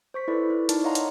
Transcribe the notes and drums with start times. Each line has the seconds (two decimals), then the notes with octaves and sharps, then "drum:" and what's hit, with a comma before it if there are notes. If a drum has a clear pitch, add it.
0.14 C5 C#6 B6
0.28 E4 A4 B4 D5
0.50 E4
0.69 D#4 A#4 D5 A5 C#6, drum: hi-hat
0.84 C#5 D#5 F5 F#5 A#5 C6
0.95 drum: hi-hat